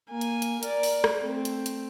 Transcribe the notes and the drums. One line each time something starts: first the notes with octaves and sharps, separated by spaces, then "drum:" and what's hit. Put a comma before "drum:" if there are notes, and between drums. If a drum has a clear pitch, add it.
A#3 G#5
drum: hi-hat
drum: hi-hat
A#4 D5, drum: hi-hat
drum: open hi-hat
drum: rim click
A3 C4
drum: hi-hat
drum: hi-hat